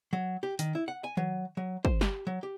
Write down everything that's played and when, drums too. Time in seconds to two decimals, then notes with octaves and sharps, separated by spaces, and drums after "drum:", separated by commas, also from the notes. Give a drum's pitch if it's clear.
0.13 F#3
0.43 G4
0.59 D#3, drum: hi-hat
0.75 E4
0.88 F#5
1.04 G#5
1.17 F#3, drum: tom D#3
1.57 F#3
1.85 C5, drum: kick
2.01 G4, drum: snare
2.27 F#3
2.43 G4